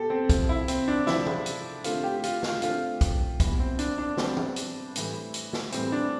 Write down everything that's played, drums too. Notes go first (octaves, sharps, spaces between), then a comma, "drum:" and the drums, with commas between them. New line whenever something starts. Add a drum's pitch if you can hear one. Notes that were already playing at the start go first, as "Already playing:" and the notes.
Already playing: B2 B3 G4 A4
C4
C3 F3 C4, drum: kick, hi-hat
E4
C4, drum: hi-hat
D4
C3 F3 C4 E4, drum: snare
drum: tom E3
drum: hi-hat
D3 A3 C4 F4, drum: hi-hat
G4
F4, drum: hi-hat
F4, drum: snare
D3 A3 C4 F4, drum: hi-hat
drum: kick, hi-hat
E3 G3 B3, drum: kick, hi-hat
C4
D4, drum: hi-hat
D4
E3 G3 B3 C4, drum: snare
drum: tom E3
drum: hi-hat
A2 E3 G3, drum: hi-hat
drum: hi-hat
drum: snare
A2 E3 G3 C4, drum: hi-hat
D4